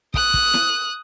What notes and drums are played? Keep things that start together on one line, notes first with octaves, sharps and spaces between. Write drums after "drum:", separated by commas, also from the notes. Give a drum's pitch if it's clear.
D#6 F#6, drum: kick
drum: kick
drum: snare E4